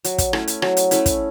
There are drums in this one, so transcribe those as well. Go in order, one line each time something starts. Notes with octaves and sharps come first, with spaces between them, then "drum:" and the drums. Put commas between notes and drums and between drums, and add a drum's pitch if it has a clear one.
F#3, drum: hi-hat
drum: kick, hi-hat
A3 C#4 E4, drum: rim click
drum: hi-hat
F#3, drum: rim click
drum: hi-hat
A3 C#4 E4, drum: hi-hat
drum: kick, hi-hat